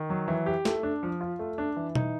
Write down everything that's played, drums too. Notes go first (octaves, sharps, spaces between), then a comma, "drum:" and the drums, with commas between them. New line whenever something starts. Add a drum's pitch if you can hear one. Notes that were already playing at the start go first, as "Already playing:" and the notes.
Already playing: D#3
F#3
E3
G4
A3, drum: snare
D4
F3
F4
A3
D4
E3
D#4, drum: tom B2